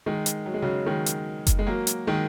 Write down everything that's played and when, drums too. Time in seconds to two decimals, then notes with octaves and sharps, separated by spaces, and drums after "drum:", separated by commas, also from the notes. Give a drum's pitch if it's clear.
0.06 D#3 G#3
0.26 drum: hi-hat
0.46 F#3
0.54 G#3
0.62 C#3 F#3
0.86 D#3 G#3
1.06 drum: hi-hat
1.47 drum: kick F#1, hi-hat
1.59 G#3
1.67 F#3 A#3
1.87 drum: hi-hat
2.07 D#3 G#3